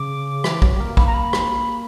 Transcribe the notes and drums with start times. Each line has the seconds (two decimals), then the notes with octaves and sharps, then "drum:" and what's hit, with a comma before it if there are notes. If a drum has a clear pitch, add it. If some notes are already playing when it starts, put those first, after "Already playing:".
Already playing: C#3 D6
0.44 E3, drum: rim click
0.62 F#3, drum: kick
0.76 G3
0.80 A#3
0.97 A#3 B5, drum: kick
1.06 A#5
1.14 B5
1.33 drum: rim click